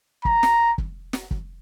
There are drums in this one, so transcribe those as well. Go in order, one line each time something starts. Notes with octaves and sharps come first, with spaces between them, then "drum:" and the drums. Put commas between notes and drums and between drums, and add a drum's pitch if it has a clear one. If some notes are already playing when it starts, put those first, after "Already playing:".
A#5, drum: kick
drum: snare
drum: kick
drum: snare
drum: kick